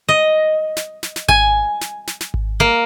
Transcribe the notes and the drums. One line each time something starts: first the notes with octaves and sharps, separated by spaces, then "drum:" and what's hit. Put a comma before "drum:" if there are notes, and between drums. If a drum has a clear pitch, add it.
D#5
drum: snare
drum: snare
drum: snare
G#5, drum: kick G#1
drum: snare
drum: snare
drum: snare
drum: kick G#1
A#3